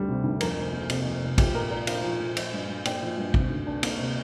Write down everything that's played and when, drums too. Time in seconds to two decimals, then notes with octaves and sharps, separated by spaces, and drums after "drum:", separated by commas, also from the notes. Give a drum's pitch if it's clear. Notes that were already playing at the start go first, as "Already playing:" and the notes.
Already playing: D2 G3
0.08 C3
0.24 D2
0.41 F2 A#4, drum: cymbal
0.56 F1
0.73 A#3
0.90 C3, drum: cymbal
1.06 F2
1.22 F1
1.38 F3 G4, drum: kick, cymbal
1.54 A#2 A#4
1.71 F4 A#4 D5
1.87 D4 F5 A#5, drum: cymbal
2.04 F3
2.20 A#2
2.37 F3, drum: cymbal
2.53 G2
2.68 G2
2.85 A#3 D5 G5, drum: cymbal
3.02 F3
3.18 G2
3.34 C3, drum: kick
3.50 D2
3.67 D4
3.83 A#3, drum: cymbal
3.99 C3